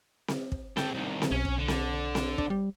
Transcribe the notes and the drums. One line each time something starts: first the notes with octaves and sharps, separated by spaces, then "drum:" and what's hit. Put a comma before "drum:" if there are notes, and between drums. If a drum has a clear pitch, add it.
drum: snare C4
drum: kick
A4 G5, drum: snare C4
C2 D#3
drum: snare C4
B1 C#4
drum: kick
D3
drum: snare C4
drum: snare C4
D4, drum: kick
G3